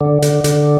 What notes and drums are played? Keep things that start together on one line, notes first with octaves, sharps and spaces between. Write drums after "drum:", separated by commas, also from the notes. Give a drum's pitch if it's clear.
D3
D3, drum: hi-hat
D3, drum: hi-hat